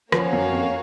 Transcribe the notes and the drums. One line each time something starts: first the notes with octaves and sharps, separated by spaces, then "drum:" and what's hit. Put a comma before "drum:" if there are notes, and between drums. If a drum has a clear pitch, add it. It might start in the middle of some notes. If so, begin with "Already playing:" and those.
F3 A#3 C#4 F#4 C#5 F5, drum: rim click
F#2
F2